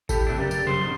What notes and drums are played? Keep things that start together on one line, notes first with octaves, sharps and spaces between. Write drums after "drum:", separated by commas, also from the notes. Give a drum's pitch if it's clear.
A2 G4 A4, drum: kick G#1, tambourine
C3 A3 D4
F#2 C#3 G4 A#4 D5
drum: tambourine
F#2 C#3 C5
B2 D#3